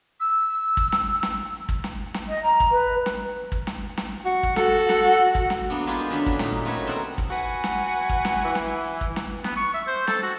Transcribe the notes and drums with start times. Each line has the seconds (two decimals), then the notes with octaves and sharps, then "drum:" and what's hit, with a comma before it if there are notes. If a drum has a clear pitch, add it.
0.20 E6
0.77 drum: kick
0.92 drum: snare
1.23 drum: snare
1.69 drum: kick
1.84 drum: snare
2.14 drum: snare
2.28 D#5
2.43 A#5
2.60 drum: kick
2.71 B4
3.06 drum: snare
3.52 drum: kick
3.67 drum: snare
3.97 drum: snare
4.25 F#4
4.43 drum: kick
4.56 F#4 A4, drum: snare
4.89 drum: snare
5.35 drum: kick
5.50 drum: snare
5.70 A#3 B3 D4
5.87 G#3 B3 D4 E4 F4 G4
6.10 D3 F#3 C#4 D4 B5
6.26 drum: kick
6.39 A#2 D#4, drum: snare
6.65 G3 A3 F#4 B4 C#5
6.87 B2 C4 A4 A#4 F#5
7.18 drum: kick
7.30 F#4 B4 F#5 G#5
7.64 drum: snare
8.09 drum: kick
8.25 drum: snare
8.44 E3
8.55 drum: snare
9.01 drum: kick
9.16 drum: snare
9.44 B3, drum: snare
9.56 C#6
9.74 E5
9.87 C5
10.07 A4, drum: snare
10.23 F#4